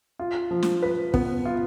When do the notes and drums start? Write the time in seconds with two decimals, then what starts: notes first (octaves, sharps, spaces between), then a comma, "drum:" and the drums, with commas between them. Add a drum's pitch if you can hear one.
0.19 F4
0.51 F3
0.63 drum: snare
0.82 B4
1.14 B3, drum: kick
1.45 F4